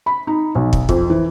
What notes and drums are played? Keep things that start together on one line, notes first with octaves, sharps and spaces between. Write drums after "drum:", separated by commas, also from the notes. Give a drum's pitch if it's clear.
B5
D#4
B1
drum: kick
F2, drum: kick
E3